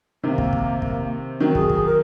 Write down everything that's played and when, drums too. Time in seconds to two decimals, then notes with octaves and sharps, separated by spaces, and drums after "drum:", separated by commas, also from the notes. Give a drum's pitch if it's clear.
0.23 C3 D#3 A#3
0.38 drum: kick
0.53 drum: kick
0.82 drum: kick
1.40 D#3 F#3 C4
1.55 G#4, drum: kick
1.70 G#4, drum: kick
1.85 A#4